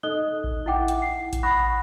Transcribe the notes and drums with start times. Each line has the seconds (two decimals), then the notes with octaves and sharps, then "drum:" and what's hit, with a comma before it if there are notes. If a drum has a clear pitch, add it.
0.03 D#4 A4 D#5 D#6 F#6 G7
0.44 drum: kick A1
0.66 E4 E5 F#5 G5 D6
0.88 drum: hi-hat
1.02 C7
1.33 drum: kick A1, hi-hat
1.43 F#5 B5 C#6 D#6 F#6 A#6